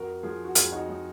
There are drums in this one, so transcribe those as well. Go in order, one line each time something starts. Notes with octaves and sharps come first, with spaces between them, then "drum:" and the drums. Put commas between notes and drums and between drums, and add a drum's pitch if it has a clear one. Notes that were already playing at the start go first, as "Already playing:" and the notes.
Already playing: F2 F#4 A#4
F3 F4 G#4
F#4
F2 F4 G#4, drum: hi-hat
D#4 F#4
F3 D#4